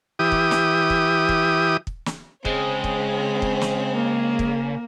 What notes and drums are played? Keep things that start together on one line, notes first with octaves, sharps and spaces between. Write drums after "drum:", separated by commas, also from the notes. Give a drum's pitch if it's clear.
E3 G4 D#6
drum: kick
drum: snare
drum: kick
drum: kick
drum: kick
drum: snare
C#3 G#3 C4 C#5, drum: kick
drum: kick
drum: kick
drum: snare
A#3
drum: kick